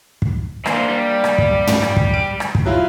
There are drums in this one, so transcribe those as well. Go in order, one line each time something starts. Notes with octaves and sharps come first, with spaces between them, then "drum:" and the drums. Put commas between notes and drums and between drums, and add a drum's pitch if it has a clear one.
drum: kick
E3 A#3 D4 C5, drum: rim click
G3
drum: rim click
drum: kick
drum: tom
drum: rim click
drum: kick
D7
drum: rim click
drum: kick
F#3 E4 F4